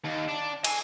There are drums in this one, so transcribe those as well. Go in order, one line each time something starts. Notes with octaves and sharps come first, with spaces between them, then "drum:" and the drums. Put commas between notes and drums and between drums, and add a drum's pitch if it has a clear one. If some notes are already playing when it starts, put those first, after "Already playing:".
D#2
D4
G#5, drum: cymbal